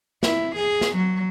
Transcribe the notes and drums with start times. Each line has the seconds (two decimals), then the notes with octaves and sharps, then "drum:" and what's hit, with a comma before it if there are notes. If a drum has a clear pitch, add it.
0.23 E4, drum: snare
0.56 G#4
0.81 drum: snare
0.95 F#3